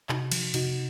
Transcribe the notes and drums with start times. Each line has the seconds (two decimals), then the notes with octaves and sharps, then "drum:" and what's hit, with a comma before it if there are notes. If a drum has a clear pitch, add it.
0.09 C3 D#4 F#4, drum: clap
0.32 F3, drum: cymbal
0.54 C3 D#4 F#4, drum: cymbal